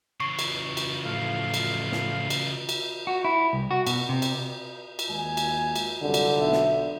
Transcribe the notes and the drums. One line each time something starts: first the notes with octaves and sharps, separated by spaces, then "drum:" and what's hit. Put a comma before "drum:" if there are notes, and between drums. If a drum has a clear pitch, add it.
C#3 E3 C#6 C7
drum: cymbal
drum: cymbal
A2 F3 F5
drum: cymbal
drum: snare
drum: cymbal
drum: cymbal
F#4
E4
C2
F#4
B2, drum: cymbal
C3
drum: cymbal
drum: cymbal
D#2 G#3 G#5
drum: cymbal
drum: cymbal
C2 F#2 D3
drum: cymbal
B1 E5
drum: snare